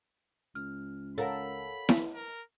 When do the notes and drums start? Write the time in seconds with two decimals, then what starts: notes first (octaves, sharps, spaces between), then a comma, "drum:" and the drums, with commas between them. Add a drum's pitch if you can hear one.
0.55 C#2 F6
1.18 A4 A#4 C#5 F5 F#5 B5
1.89 drum: snare E4
2.14 A#4